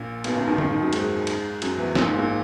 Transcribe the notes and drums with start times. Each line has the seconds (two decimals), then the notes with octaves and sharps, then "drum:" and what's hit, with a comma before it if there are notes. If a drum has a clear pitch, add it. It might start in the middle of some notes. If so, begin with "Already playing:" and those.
Already playing: A#1 A#2
0.24 B1 B2, drum: cymbal
0.35 C#2 C#3
0.47 D#2 D#3
0.58 D#2 D#3, drum: tom D3
0.70 D#2 D#3
0.81 F#2 F#3
0.93 G#2 G#3, drum: cymbal
1.27 drum: cymbal
1.62 F#2 F#3, drum: cymbal
1.78 E2 E3
1.95 A#1 A#2, drum: snare
2.07 G#2
2.18 A#1 A#2